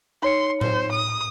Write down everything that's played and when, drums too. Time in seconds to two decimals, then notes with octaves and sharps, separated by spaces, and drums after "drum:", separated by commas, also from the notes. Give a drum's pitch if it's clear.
0.22 D#4 C#5 C6 C#7
0.61 C5, drum: tom A2
0.92 D#6